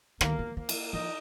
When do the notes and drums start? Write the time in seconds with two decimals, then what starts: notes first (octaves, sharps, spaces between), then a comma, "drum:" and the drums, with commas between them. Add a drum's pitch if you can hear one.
0.21 D#3 A#3, drum: rim click
0.39 F3
0.57 F3 A#3
0.69 drum: cymbal
0.93 F3 D#4